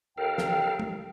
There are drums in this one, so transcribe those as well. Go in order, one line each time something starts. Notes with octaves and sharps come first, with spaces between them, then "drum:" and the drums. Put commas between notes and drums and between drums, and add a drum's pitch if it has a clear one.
D#2 A4 A#4 F5 G5
drum: snare
drum: tom